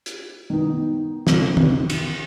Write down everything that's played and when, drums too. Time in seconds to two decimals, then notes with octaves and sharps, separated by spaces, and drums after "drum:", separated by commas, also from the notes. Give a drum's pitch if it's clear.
0.06 drum: hi-hat
0.50 D#3 B3 D#4
1.27 drum: snare
1.57 drum: tom
1.90 drum: cymbal